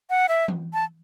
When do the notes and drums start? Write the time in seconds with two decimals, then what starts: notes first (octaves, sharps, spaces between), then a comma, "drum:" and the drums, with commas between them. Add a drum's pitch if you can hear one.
0.10 F#5
0.29 E5
0.48 drum: tom E3
0.73 A5